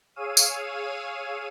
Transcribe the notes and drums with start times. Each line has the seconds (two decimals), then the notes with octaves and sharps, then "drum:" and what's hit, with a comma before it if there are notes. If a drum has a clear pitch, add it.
0.16 G#4 C#5 F5 E6 D#7
0.37 drum: tambourine